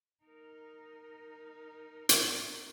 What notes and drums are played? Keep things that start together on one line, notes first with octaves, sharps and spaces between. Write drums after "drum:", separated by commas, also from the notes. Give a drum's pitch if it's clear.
D#4 A#4
drum: hi-hat